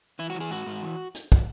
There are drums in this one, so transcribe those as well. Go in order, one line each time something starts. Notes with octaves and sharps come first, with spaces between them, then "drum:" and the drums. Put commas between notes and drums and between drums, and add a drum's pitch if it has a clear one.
E3 E4
F#4
E3
G#4
G#2 F#4
G#2
E3
drum: hi-hat
drum: kick